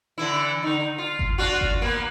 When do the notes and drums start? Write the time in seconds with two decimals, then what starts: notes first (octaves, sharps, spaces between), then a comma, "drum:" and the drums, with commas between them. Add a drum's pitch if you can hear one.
0.18 D3 E3 E4
0.63 D3 D#4
0.98 F4
1.19 drum: kick G1
1.38 D4 F4 F#4
1.61 drum: kick G1
1.82 A#3 B3